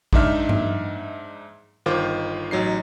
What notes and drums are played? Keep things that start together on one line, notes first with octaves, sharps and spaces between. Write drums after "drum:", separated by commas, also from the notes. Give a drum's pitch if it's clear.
G#2 D4 D#4 E5 F6, drum: kick A1
drum: tom G2
G1 D#3 F4 C5 D6
A1 F#3 D#4 C7